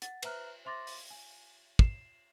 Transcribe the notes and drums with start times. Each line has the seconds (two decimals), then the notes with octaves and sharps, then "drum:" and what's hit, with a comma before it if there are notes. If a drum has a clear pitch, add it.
0.02 F#5 A6, drum: hi-hat
0.22 B4 C5 E5 A#5 F6 F#6, drum: cymbal
0.65 C5 E5 C6 D6 A6 A#6
0.87 drum: open hi-hat
1.10 G#5
1.79 C7 E7, drum: kick